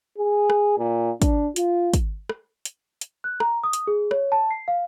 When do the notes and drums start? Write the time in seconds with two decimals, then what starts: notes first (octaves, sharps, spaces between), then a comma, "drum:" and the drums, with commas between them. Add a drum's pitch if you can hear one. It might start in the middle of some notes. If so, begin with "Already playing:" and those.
0.18 G#4
0.50 drum: rim click
0.78 A#2
1.22 D4, drum: kick, hi-hat
1.56 F4, drum: hi-hat
1.94 drum: kick, hi-hat
2.29 drum: rim click
2.65 drum: hi-hat
3.01 drum: hi-hat
3.24 F#6
3.40 A#5, drum: rim click
3.64 D#6
3.73 drum: hi-hat
3.87 G#4
4.11 C#5, drum: rim click
4.32 A5
4.51 C7
4.68 F5